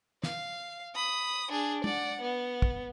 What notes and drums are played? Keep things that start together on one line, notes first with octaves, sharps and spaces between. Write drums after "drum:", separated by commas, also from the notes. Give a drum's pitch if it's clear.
F5, drum: snare
B5 D#6
D4 G#4
D5 F#5, drum: tom
B3
drum: kick